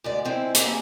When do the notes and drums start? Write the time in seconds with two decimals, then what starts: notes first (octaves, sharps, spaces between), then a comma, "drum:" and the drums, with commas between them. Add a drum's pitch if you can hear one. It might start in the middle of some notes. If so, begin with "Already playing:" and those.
0.04 D2 G#3 D5
0.25 G#3 C4 E4
0.55 A#3 C4 E4 G4 G#4, drum: hi-hat